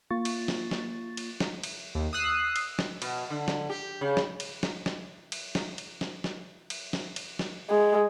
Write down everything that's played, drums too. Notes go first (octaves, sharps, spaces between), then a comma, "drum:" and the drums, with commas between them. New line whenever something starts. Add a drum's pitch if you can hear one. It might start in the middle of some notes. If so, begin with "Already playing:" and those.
A#3 F4 C#6 A6
drum: cymbal
drum: snare
drum: snare
drum: cymbal
drum: snare
drum: cymbal
D#2
D#6 E6 F#6 C7
drum: cymbal
drum: snare
B2, drum: cymbal
D3
drum: snare
G4
C#3
drum: snare
drum: cymbal
drum: snare
drum: snare
drum: cymbal
drum: snare
drum: cymbal
drum: snare
drum: snare
drum: cymbal
drum: snare
drum: cymbal
drum: snare
G#3